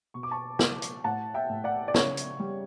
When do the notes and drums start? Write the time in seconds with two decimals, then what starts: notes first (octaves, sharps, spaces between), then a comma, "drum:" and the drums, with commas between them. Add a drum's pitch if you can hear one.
0.14 B2 C#6
0.23 D6
0.31 A5 C#6
0.59 B3, drum: snare
0.82 drum: hi-hat
1.04 A2 F#5 A5
1.34 E5 G5
1.49 A2
1.64 D5 F#5
1.88 D5
1.94 C#3 C#5, drum: snare
2.17 drum: hi-hat
2.40 G3